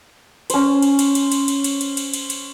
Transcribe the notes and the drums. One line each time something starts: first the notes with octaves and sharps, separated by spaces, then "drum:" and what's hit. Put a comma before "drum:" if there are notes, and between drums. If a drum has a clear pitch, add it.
C#4 C5, drum: cymbal
drum: cymbal
drum: cymbal
drum: cymbal
drum: cymbal
drum: cymbal
drum: cymbal
drum: cymbal
drum: cymbal
drum: cymbal
drum: cymbal